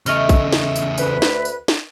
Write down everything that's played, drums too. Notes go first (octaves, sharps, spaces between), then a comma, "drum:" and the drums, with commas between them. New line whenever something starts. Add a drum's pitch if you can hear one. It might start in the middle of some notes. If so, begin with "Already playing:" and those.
E2 C#3 A3 D#5 F6, drum: tambourine
drum: kick, tambourine
drum: snare
drum: tambourine
D2 B4, drum: tambourine
drum: snare
drum: tambourine
drum: snare